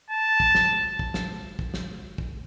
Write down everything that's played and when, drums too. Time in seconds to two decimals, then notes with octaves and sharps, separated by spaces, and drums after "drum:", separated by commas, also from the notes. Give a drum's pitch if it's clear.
0.10 A5
0.40 drum: kick
0.55 drum: snare
0.99 drum: kick
1.14 drum: snare
1.59 drum: kick
1.74 drum: snare
2.18 drum: kick